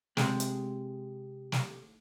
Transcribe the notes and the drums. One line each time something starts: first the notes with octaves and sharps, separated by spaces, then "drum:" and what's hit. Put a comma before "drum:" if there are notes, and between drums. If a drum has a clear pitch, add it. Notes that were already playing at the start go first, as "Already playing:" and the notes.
C3 G#3, drum: snare
drum: hi-hat
drum: snare